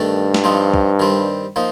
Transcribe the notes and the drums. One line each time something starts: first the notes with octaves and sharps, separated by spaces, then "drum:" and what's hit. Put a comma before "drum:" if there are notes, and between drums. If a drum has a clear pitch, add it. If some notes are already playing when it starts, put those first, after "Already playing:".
Already playing: G2 D#3 A3 D4 A4
drum: snare
F3 C4 D#4
drum: kick
D#3 G3 C4
F3 A#3 D#4